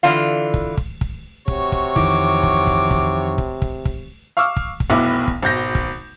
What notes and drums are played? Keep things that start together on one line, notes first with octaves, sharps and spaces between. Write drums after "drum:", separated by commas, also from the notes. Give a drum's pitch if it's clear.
D3 E3 F4 F5
drum: kick
drum: kick
drum: kick
C3 F#4 C#5, drum: kick
drum: kick
F2 D#3 E3 D6, drum: kick
drum: kick
drum: kick
drum: kick
drum: kick
drum: kick
drum: kick
F5 C#6 D6 E6 F6
drum: kick
drum: kick
F1 B1 B3 E4 D6
drum: kick
G#1 B2 G6 A#6
drum: kick